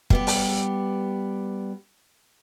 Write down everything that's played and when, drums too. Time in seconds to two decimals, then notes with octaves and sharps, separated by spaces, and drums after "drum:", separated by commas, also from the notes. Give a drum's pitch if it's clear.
0.10 G3 B3 G4, drum: kick
0.27 drum: open hi-hat